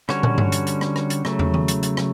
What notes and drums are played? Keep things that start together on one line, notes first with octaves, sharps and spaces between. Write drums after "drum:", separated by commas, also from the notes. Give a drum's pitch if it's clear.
D3 G3 C#4 F#4 C#5, drum: rim click
drum: tom
drum: tom G2
drum: hi-hat
drum: hi-hat
drum: rim click
drum: rim click
drum: hi-hat
C#3 F#3 A3, drum: rim click
drum: tom
drum: tom D#3
drum: hi-hat
drum: hi-hat
drum: rim click